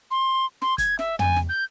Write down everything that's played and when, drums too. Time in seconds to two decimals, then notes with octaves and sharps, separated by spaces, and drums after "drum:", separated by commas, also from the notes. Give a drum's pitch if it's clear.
0.11 C6
0.62 C6, drum: snare
0.78 G#6, drum: kick, hi-hat
0.99 E5, drum: snare
1.19 G#5, drum: tom
1.36 drum: snare
1.49 G6